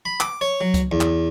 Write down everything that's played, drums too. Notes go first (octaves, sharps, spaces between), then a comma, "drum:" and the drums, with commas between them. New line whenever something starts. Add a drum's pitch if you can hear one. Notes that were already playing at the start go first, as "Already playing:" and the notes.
B5
D6, drum: clap
C#5
F#3
drum: kick C#2, hi-hat
E2
drum: clap